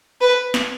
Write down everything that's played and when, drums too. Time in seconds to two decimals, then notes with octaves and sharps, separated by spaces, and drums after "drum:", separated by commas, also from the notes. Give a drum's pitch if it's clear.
0.21 B4
0.54 drum: snare